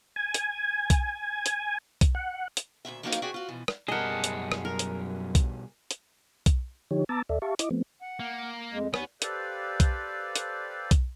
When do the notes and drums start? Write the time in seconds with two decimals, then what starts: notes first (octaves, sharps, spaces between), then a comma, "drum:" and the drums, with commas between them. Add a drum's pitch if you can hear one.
0.16 G#5
0.34 drum: hi-hat
0.90 drum: kick B1, hi-hat
1.46 drum: hi-hat
2.01 drum: kick B1, hi-hat
2.15 F#5
2.57 drum: hi-hat
2.85 D2 G2 A#2 E5
3.03 F3 F#3 A#3 C4 D#4 F5
3.13 drum: hi-hat
3.22 F#4 G#4 D5 E5 G5
3.34 F4 F#4
3.48 B2 E3 F3
3.68 drum: rim click
3.88 F#2 B2 G3 G#4 A#4 D#5 F#5 A5
4.24 drum: hi-hat
4.52 drum: rim click
4.65 A#4
4.79 drum: hi-hat
5.35 drum: kick B1, hi-hat
5.91 drum: hi-hat
6.46 drum: kick B1, hi-hat
6.91 D3 F3 D#4 G4 C#5
7.09 B3 A5 A#5 D6 E6 A6
7.29 D#2 A4 D5 E5
7.42 G4 E5 F5 A5 C#6
7.59 E4 D#5 D6, drum: hi-hat
7.71 F3 A3 B3 C4
8.02 F#5
8.20 A#3
8.72 F2 G#3
8.94 D#2 B3 C#5 G#5, drum: rim click
9.22 G4 A4 B4 C5 D5 F5, drum: hi-hat
9.80 drum: kick B1, hi-hat
10.36 drum: hi-hat
10.91 drum: kick B1, hi-hat